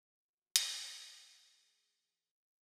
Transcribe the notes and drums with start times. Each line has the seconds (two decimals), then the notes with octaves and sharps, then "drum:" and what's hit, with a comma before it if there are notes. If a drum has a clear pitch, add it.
0.17 F3 G#3 C4 F4 F#4
0.56 drum: hi-hat
1.06 F3 A#3 D#4
1.51 G#4
1.95 A#2 F3 A#3 D#4